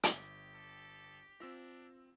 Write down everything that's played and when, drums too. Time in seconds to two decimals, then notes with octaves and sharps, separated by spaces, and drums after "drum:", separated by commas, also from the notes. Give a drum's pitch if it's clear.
0.03 drum: hi-hat
0.13 G1 G4 E5
0.55 A4
1.40 C4 D4 F4 E6 A#6